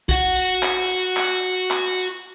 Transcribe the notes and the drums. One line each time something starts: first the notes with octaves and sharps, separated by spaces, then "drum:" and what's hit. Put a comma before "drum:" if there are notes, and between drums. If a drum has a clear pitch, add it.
F#4 F#5, drum: kick A#1, tambourine
drum: tambourine
drum: clap
drum: tambourine
drum: clap
drum: tambourine
drum: clap
drum: tambourine